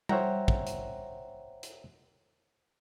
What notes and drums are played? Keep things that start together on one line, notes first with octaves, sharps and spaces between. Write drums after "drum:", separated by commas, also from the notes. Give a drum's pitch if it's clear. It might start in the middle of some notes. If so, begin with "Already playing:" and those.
C5 C#5 E5 F#5 G5 A#5, drum: tom G3
drum: kick
drum: hi-hat
drum: hi-hat